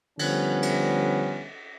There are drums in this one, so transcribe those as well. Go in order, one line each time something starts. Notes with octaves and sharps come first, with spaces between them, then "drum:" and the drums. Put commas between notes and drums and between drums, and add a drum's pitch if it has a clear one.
D3 F3 G3 B3 C#4, drum: cymbal
drum: cymbal